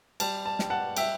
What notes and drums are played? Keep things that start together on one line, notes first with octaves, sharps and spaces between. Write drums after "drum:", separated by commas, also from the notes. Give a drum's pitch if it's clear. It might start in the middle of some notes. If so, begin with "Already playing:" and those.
G3 A5, drum: cymbal
A5
G3, drum: snare
F#5 A5
G3 E5 G5, drum: cymbal